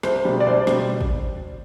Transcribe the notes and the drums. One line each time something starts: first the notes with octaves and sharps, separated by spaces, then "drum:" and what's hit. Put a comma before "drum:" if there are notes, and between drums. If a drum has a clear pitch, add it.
C2 C5, drum: snare
B2 G3
D5
C2 C5
B2 G3, drum: snare
drum: kick